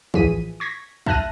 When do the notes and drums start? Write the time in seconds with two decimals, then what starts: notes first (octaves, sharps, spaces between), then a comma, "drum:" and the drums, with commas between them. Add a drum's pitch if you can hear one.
0.14 A2 E3 F3 G#4 B6 D#7, drum: kick
0.60 C#6 G#6 A#6 B6
1.06 E5 A5 F6 F#6 A#6 D#7, drum: kick